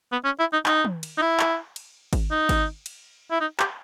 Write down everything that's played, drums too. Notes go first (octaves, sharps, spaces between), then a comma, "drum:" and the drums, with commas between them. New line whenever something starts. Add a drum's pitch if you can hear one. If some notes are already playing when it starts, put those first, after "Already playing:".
B3
C#4
E4
D#4
D#4, drum: clap
drum: tom
drum: cymbal
D#4
E4
drum: clap
drum: cymbal
drum: kick G#1, cymbal
D#4
drum: kick G#1, cymbal
drum: cymbal
E4
D#4
G4, drum: clap